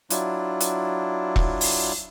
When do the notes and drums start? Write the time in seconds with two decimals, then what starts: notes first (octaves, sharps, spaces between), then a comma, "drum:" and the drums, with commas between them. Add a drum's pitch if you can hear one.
0.10 F#3 D4 E4 F4, drum: hi-hat
0.61 drum: hi-hat
1.36 drum: kick E1
1.61 drum: open hi-hat